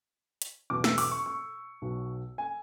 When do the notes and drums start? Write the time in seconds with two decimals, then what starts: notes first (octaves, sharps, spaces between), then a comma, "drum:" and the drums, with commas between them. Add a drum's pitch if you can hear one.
0.42 drum: hi-hat
0.70 E2 B2 F#3 D6
0.84 E6, drum: snare
0.98 D6, drum: open hi-hat
1.11 C#6
1.26 C#6
1.82 B1 B2 F#3
2.38 G#5